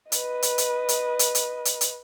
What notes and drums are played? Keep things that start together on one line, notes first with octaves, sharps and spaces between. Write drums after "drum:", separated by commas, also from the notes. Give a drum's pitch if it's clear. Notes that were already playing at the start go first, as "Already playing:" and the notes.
B4 D#5, drum: hi-hat
drum: hi-hat
drum: hi-hat
drum: hi-hat
drum: hi-hat
drum: hi-hat
drum: hi-hat
drum: hi-hat